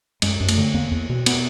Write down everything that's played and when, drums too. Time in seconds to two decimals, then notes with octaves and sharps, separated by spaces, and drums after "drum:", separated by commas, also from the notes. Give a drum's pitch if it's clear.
0.22 F#2 G#3, drum: cymbal
0.40 F#2
0.49 A3, drum: cymbal
0.57 D3
0.74 E2 A#3
0.91 E2
1.09 B2
1.26 B3, drum: cymbal